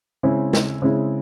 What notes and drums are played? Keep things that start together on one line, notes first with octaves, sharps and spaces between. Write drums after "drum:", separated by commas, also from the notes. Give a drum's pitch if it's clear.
C#3 G#3 C4 E4
drum: snare
C#3 G#3 C4 E4